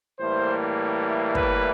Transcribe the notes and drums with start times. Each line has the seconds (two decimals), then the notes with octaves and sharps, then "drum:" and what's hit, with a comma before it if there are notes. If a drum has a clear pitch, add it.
0.19 A2 E3 G3 A#3 C5
1.35 B4, drum: kick